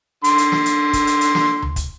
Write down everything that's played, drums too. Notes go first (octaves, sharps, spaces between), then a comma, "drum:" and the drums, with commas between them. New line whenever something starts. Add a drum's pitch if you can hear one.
D3 C6, drum: hi-hat
drum: hi-hat
drum: snare
drum: hi-hat
drum: kick, hi-hat
drum: hi-hat
drum: hi-hat
drum: snare
drum: tom D2
drum: kick, hi-hat